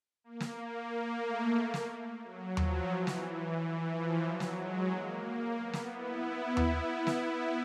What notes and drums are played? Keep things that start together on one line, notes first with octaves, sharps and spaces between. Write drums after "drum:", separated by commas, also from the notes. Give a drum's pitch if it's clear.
A#3
drum: snare
A#3
A3
drum: snare
F#3
F3, drum: tom D#2
E3
drum: snare
E3
E3
F3
F#3
drum: snare
G#3
A#3
B3
drum: snare
E4
drum: tom D#2
drum: snare